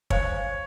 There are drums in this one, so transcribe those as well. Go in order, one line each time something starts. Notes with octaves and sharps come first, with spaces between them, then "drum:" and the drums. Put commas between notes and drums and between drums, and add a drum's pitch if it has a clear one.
C5 C#5 F5 G#5, drum: kick